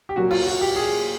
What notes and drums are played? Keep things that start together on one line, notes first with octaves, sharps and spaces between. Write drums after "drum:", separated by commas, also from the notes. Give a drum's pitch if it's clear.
G4
A#2 F#3 A#3 F#4
F4, drum: cymbal
F#4
G4
G#4